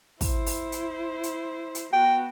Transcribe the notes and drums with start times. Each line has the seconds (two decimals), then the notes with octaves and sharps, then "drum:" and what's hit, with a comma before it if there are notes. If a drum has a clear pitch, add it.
0.21 E4 C5, drum: kick, open hi-hat
0.46 drum: open hi-hat
0.72 drum: hi-hat
1.23 drum: hi-hat
1.75 drum: hi-hat
1.93 B3 F#4 G5